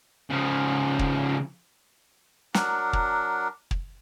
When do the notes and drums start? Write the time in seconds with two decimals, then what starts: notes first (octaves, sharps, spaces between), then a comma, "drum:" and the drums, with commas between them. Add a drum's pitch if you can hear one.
0.30 C#3 F3
0.99 drum: kick
2.54 F#3 D4 A#4 F#5, drum: snare
2.93 drum: kick
3.71 drum: kick